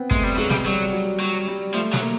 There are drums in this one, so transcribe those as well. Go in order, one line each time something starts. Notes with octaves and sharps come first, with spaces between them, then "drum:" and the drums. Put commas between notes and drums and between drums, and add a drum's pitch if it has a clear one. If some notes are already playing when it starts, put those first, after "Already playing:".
Already playing: B3 C4
G#3 A3, drum: kick
G3
F#3 G#3
G3, drum: snare
F#3 G3
F#3
F#3 G3
G3
F3 A3
F#3, drum: snare
A#3